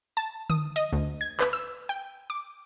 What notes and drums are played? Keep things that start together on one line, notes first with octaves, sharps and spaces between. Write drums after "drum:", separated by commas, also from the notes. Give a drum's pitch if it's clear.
A5
D#6, drum: tom D3
D#5, drum: hi-hat
D2
G#6
B4, drum: clap
E6
G5
D6